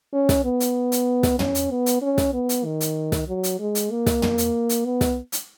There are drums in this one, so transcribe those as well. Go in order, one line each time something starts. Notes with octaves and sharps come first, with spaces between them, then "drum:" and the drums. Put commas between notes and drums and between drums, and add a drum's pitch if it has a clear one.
C#4
drum: snare
B3
drum: hi-hat
drum: hi-hat
drum: snare
C#4, drum: tom
drum: hi-hat
B3
drum: hi-hat
C#4
drum: snare
B3
drum: hi-hat
D#3
drum: hi-hat
drum: snare
F#3
drum: hi-hat
G#3
drum: hi-hat
A#3
drum: snare
drum: tom
drum: hi-hat
drum: hi-hat
B3
drum: snare
drum: hi-hat